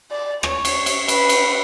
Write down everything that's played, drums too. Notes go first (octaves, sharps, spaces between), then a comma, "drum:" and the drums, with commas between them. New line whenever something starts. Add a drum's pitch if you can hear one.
D5
C#5, drum: rim click
drum: cymbal
drum: cymbal
B4, drum: cymbal
drum: cymbal